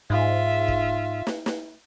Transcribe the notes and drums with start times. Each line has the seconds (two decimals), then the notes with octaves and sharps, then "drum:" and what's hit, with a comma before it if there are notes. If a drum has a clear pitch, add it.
0.10 G#2 F4 E5
0.68 drum: kick
1.27 drum: snare
1.46 drum: snare